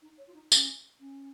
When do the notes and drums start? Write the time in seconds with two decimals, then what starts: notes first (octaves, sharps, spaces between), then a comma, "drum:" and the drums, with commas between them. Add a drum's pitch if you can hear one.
0.02 D#4
0.18 C#5
0.27 F4
0.34 D#4
0.52 C#4, drum: tambourine
1.00 C#4